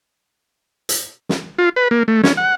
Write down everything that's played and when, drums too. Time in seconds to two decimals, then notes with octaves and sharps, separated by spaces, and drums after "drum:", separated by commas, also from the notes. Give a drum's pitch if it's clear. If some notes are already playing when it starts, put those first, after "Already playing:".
0.89 drum: hi-hat
1.29 drum: snare
1.58 F4
1.76 B4
1.91 A#3
2.08 A3
2.23 C#4, drum: snare
2.37 F#5